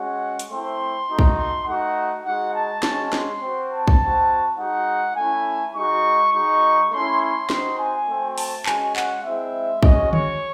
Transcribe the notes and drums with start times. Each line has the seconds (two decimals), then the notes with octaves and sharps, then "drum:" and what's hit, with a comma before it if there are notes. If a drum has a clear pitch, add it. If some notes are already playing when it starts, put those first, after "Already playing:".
Already playing: G#3 C#4 F#4 F#5
0.39 drum: hi-hat
0.50 A3 C4 E4 C6
1.08 A3 D#4 F#4
1.19 drum: kick
1.37 C6
1.67 A3 D#4 F#4 F#5
2.25 G#3 D#4 F#4 F#5
2.55 A5
2.83 G#3 C#4 F#4, drum: snare
3.13 C6, drum: snare
3.42 C4 F#4
3.70 A5
3.88 drum: kick
4.00 C4 F#4
4.58 G#3 D#4 F#4 F#5
5.16 A3 C#4 E4 G#5
5.75 G#3 D#4 F#4 C#6
6.33 G#3 D#4 F#4 C#6
6.91 A3 C#4 E4 C6
7.21 C6
7.50 C4 D#4 F#4 C6, drum: snare
7.79 G#5
8.09 A3 C4 F#4
8.38 A5, drum: open hi-hat
8.66 G#3 C#4 F#4 G#5, drum: clap
8.96 F#5, drum: clap
9.25 G#3 C4 E4 E5
9.83 G#3 C#4 F#4 D#5, drum: kick
10.13 C#5, drum: tom D3